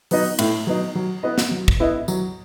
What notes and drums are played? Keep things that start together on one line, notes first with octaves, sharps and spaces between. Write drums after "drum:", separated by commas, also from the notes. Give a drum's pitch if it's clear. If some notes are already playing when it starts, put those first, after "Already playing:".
F#3 B3 D#4, drum: open hi-hat
A2, drum: cymbal
F#3 B3 D#4
F#3
B3 E4 B4 D#5
drum: snare
F#3
drum: kick
B3 E4 B4 D#5
F#3, drum: tambourine